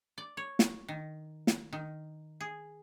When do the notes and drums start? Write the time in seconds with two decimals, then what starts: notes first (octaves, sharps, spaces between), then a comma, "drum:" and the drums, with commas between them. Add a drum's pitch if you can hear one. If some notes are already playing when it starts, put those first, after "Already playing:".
0.18 D5
0.37 C#5
0.59 drum: snare
0.88 D#3
1.47 drum: snare
1.73 D#3
2.41 G#4